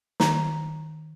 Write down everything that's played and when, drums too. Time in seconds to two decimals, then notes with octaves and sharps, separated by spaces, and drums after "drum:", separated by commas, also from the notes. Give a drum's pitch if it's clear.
0.20 D#3 A#5, drum: snare